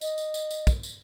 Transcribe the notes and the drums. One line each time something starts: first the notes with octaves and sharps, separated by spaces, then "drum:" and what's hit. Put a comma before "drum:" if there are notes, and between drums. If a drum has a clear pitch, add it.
D#5, drum: tambourine
drum: tambourine
drum: tambourine
drum: tambourine
drum: kick, tambourine
drum: tambourine